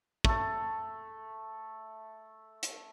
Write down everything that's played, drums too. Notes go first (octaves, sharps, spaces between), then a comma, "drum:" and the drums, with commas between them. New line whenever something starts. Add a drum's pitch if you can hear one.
A3 A4, drum: kick
drum: hi-hat